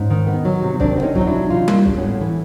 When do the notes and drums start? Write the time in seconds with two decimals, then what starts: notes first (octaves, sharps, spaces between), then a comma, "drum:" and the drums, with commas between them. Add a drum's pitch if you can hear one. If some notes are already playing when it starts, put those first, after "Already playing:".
Already playing: G#2 C#4
0.10 D#3
0.27 B3
0.45 F#3
0.62 C3
0.80 D#3 C4 D4, drum: kick
0.97 B3
1.03 C#4 D#4
1.16 F#3, drum: kick
1.21 D#4
1.27 D4 E4
1.33 C3
1.50 E3 D#4 F4
1.68 A#3, drum: tom G3
1.86 G3 D4, drum: kick
1.97 B3 C#4
2.03 A2
2.21 E3